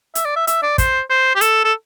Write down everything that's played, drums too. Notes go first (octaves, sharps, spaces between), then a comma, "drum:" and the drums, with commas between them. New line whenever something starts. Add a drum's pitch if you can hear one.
E5, drum: hi-hat
D5
E5
E5, drum: hi-hat
D5
C5, drum: kick, hi-hat
C5
G4
A4, drum: hi-hat
A4